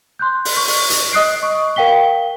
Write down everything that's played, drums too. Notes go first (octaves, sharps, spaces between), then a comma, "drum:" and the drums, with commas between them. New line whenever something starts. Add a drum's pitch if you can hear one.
C6 F#6 G6
drum: open hi-hat
C#6
drum: open hi-hat
drum: hi-hat
D#5 D#6 F#6 C7 D7
C#6
A#4 F5 G5 B6 G7